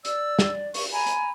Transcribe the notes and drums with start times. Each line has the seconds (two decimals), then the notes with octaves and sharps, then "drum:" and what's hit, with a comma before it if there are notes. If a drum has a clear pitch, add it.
0.05 D5 E6, drum: hi-hat
0.39 drum: snare
0.74 C#6, drum: open hi-hat
0.93 G#5 A#5 B5
1.06 drum: hi-hat